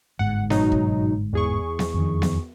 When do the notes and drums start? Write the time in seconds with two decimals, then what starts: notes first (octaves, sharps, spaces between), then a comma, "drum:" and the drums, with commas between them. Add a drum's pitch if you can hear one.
0.19 G1 G#2 F#5
0.50 B2 F#3 D#4, drum: snare B3
0.72 drum: kick
1.33 E2 G#4 C#6
1.79 drum: snare B3
1.94 F2 D#3
2.22 drum: snare B3